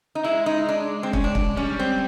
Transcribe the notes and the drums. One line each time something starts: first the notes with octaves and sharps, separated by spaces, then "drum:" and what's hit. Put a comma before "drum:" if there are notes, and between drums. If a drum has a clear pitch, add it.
D#4
G#3 E4
D#4
D4
C4
C#4, drum: kick
D4
drum: kick
G3 C#4
C4